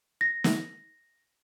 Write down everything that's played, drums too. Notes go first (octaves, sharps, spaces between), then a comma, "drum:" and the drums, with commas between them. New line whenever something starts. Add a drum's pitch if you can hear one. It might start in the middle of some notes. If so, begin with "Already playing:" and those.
A#6
drum: snare